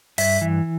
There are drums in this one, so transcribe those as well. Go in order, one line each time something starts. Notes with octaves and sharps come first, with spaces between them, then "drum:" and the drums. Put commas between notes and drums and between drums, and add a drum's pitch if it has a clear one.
G2 E5, drum: open hi-hat
E3